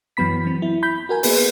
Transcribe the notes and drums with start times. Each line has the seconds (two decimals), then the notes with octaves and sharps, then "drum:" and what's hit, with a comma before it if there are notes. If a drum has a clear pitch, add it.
0.17 F#2 E3 F#3 B3 B5 B6
0.42 E3 F#3 C4
0.62 E4
0.83 B5 G6 B6
1.09 F#4 A#4 G#5
1.23 A#3 B3 G#4 B4, drum: open hi-hat